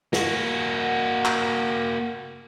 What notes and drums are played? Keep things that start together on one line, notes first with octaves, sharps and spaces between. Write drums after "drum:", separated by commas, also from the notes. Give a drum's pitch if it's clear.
A#3 F#4, drum: snare
drum: clap